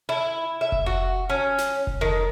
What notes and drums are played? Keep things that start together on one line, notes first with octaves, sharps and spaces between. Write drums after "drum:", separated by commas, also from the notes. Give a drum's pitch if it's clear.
E4
E5
drum: kick F1
F#4
C#4
drum: snare
drum: kick F1
D#3